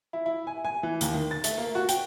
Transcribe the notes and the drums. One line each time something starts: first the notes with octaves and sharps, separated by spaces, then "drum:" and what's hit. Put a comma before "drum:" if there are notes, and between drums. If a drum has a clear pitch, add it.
E4
E4
G#5
G#5
E3
D#2, drum: hi-hat
D#3
A6
A3, drum: hi-hat
A#3
F#4
G5, drum: hi-hat